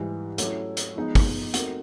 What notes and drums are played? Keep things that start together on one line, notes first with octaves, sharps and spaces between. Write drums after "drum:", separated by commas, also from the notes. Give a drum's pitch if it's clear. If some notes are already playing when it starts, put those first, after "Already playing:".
Already playing: G#2 E3 G3
F#3 A3 C#4 E4, drum: hi-hat
drum: hi-hat
F3 G#3 B3 D#4
drum: kick, open hi-hat
A3 C4 D#4 F#4 A#4, drum: hi-hat